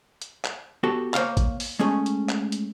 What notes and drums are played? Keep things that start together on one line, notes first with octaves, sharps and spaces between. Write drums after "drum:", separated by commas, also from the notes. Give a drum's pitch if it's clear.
drum: hi-hat
drum: clap
B3 F#4 G4 A4
A#3 C5 C#5 F5, drum: clap
drum: kick G#1, hi-hat
drum: open hi-hat
G#3 A3 C#4 G#4
drum: hi-hat
drum: clap
drum: hi-hat